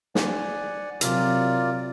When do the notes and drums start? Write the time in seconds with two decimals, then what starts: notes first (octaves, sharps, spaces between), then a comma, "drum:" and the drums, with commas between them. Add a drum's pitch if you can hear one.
0.15 D5 F#5 G#5, drum: snare
1.01 C3 F#3 F4 A#4 D5, drum: hi-hat